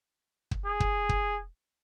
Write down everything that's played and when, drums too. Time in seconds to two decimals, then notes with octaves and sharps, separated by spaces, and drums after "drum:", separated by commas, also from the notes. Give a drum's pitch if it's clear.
0.51 drum: kick
0.66 G#4
0.80 drum: kick
1.09 drum: kick